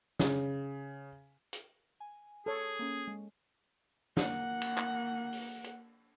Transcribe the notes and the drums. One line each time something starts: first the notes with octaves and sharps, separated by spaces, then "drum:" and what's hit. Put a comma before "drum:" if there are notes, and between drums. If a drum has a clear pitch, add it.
C#3, drum: snare
drum: hi-hat
G#5
G#4 A4 C#5
A#3 C#4
G#3
A#3 F#5, drum: snare
drum: cymbal
drum: clap
drum: open hi-hat
drum: hi-hat